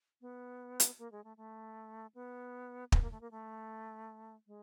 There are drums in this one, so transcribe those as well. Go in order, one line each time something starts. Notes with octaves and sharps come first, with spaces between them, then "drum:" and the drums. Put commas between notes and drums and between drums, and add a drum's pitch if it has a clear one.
B3
drum: hi-hat
A#3
G#3
A3
A3
B3
B3, drum: kick
A#3
A3
A#3
A3
G#3